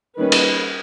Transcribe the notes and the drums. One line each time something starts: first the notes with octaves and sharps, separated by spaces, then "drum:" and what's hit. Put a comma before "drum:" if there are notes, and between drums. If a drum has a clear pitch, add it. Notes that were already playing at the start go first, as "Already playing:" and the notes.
D#3 G3 A#3 C#4 B4
drum: cymbal